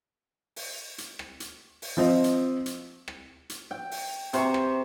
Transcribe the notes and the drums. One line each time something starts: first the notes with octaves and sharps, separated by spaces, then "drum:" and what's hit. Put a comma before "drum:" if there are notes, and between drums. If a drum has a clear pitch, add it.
drum: open hi-hat
drum: hi-hat
drum: rim click
drum: hi-hat
drum: open hi-hat
F3 C4 D#5
drum: hi-hat
drum: hi-hat
drum: rim click
drum: hi-hat
G5
drum: open hi-hat
C3 C5 A#5 C#6, drum: hi-hat
drum: rim click